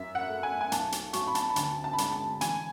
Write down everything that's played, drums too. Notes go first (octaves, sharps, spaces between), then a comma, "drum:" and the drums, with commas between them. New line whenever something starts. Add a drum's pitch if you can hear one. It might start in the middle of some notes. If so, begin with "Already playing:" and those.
Already playing: F#2 E5
F#5
A3
G#5
G#5
B1 A5, drum: hi-hat
drum: hi-hat
F#3 C#6, drum: hi-hat
B5
A5, drum: hi-hat
B5
D2 A5, drum: hi-hat
A5
B5
G#3 A5, drum: hi-hat
A5
A1 G#5, drum: hi-hat